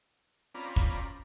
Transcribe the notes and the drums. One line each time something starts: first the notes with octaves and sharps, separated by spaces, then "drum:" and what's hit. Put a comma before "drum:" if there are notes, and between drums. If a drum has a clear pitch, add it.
C4 C#4 F4 D5 A#5 B5
drum: kick